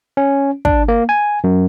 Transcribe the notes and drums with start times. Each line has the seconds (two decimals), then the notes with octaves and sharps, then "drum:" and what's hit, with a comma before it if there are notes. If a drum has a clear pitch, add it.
0.17 C#4
0.65 D4, drum: kick
0.88 A#3
1.09 G#5
1.44 F#2